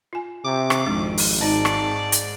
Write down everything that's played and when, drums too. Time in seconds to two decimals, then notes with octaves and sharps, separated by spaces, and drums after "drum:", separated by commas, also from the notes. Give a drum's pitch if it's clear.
0.13 F4 G#5
0.45 C3 D6
0.70 drum: rim click
0.87 G#1 F2 G#3 D4
1.18 drum: open hi-hat
1.41 G#2 D#4 D5 D#5 A5
1.65 drum: rim click
2.12 drum: hi-hat